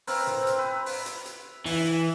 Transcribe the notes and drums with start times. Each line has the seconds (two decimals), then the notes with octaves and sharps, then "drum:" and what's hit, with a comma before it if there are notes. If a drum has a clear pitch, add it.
0.07 C4 A#4 B4, drum: open hi-hat
0.27 drum: tom A2
0.47 drum: hi-hat
0.59 B4
0.86 drum: open hi-hat
1.06 drum: hi-hat
1.26 drum: hi-hat
1.66 E3, drum: open hi-hat